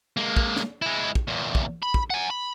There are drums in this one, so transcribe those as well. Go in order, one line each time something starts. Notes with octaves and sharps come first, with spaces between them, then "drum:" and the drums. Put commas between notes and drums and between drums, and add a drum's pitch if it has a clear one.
G#3 A#3
drum: kick
drum: snare
G#3 E4
drum: kick
E2 A#2
drum: kick
B5
drum: kick
F#5 G#5
B5